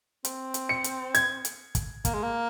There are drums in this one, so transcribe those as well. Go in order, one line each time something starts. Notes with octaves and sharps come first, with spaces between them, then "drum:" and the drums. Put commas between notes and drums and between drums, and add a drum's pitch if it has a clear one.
C4, drum: hi-hat
drum: hi-hat
C#7
drum: hi-hat
G#6, drum: hi-hat
drum: hi-hat
drum: kick, hi-hat
A#3, drum: kick, hi-hat
G#3
A#3